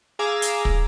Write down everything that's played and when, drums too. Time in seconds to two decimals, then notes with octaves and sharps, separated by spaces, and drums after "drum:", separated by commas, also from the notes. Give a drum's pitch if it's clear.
0.19 G#4 F5 G#5 A#5 D6 E6
0.42 drum: hi-hat
0.65 drum: kick